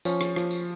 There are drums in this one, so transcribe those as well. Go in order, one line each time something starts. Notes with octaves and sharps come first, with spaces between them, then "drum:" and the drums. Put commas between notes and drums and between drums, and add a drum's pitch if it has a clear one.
F3 C#4, drum: tambourine
drum: rim click
F3, drum: rim click
drum: tambourine